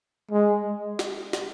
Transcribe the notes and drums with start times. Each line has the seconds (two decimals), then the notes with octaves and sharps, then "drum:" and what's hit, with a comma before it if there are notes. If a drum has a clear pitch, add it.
0.31 G#3
0.99 drum: snare
1.33 drum: snare